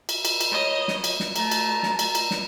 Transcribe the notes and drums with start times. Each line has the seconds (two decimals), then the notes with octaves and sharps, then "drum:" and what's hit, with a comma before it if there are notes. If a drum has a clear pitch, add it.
0.09 drum: cymbal
0.25 drum: cymbal
0.40 drum: cymbal
0.52 C#5 D#5
0.88 drum: snare
1.04 drum: cymbal
1.20 drum: snare
1.36 A3 A5 A#5, drum: cymbal
1.51 drum: cymbal
1.83 drum: snare
1.99 drum: cymbal
2.15 drum: cymbal
2.31 drum: snare